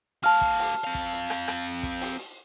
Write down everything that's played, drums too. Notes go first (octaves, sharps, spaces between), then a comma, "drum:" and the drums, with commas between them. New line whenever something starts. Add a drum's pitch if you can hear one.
A3 F5 A5 F6
drum: kick
drum: open hi-hat
C4 F5
drum: kick
drum: hi-hat
drum: rim click
drum: rim click
drum: kick, hi-hat
drum: open hi-hat
drum: hi-hat